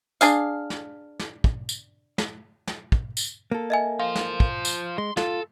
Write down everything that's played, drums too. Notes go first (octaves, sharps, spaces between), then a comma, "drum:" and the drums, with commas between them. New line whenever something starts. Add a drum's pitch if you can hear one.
D4 G#4 F5, drum: tambourine
drum: snare
drum: snare
drum: kick
drum: tambourine
drum: snare
drum: snare
drum: kick
drum: tambourine
A#3 A4
D#5 E5 G#5
F4 C5 F5
drum: snare
drum: kick
drum: tambourine
G#3 C6
F4 A4, drum: snare